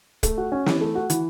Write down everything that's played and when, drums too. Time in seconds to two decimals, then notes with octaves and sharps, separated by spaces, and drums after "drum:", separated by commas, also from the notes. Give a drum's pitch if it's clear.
0.23 A3, drum: kick, hi-hat
0.38 F#4
0.52 C#4
0.66 E3, drum: snare
0.81 A3
0.95 F#4
1.10 E3, drum: hi-hat